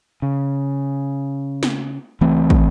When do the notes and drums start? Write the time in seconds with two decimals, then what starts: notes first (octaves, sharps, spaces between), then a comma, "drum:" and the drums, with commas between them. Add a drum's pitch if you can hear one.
0.22 C#3
1.63 drum: snare
2.21 C#2 E3 A3 C4
2.50 drum: kick